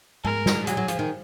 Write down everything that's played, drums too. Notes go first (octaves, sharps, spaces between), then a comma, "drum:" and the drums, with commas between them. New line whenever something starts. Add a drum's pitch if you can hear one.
G#3 A#4, drum: tom G#2
drum: snare
F#3 G#4, drum: hi-hat
F#3
F3, drum: hi-hat
D#3